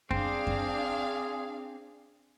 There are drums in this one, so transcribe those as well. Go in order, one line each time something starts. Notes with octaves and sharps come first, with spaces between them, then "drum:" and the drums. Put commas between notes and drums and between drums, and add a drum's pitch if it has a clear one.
C4 D4 G#4 F5, drum: kick F#2
drum: kick F#2